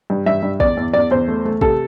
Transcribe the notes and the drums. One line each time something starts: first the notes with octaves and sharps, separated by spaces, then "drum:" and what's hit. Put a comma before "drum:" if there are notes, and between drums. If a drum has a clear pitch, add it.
G2
G2 E5
G2
E2 D5, drum: kick
E2
E2 D5
E2 C5
A3
A3
C3 A4, drum: kick